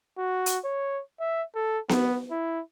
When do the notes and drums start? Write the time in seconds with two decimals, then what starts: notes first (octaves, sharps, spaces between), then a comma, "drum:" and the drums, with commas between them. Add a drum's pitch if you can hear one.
0.18 F#4
0.46 drum: hi-hat
0.65 C#5
1.20 E5
1.55 A4
1.89 B3, drum: snare B3
2.31 E4